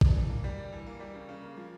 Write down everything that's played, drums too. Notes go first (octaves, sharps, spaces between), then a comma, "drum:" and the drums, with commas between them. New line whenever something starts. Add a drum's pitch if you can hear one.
D4, drum: kick
E3
A#3
G3
D4
E3
A#3
G3
C#3
C#3
A#3
F3